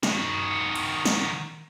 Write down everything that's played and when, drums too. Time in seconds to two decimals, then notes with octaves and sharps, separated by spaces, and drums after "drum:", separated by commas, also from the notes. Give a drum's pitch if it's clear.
0.03 D#3 F#4, drum: snare
0.76 drum: cymbal
1.06 drum: snare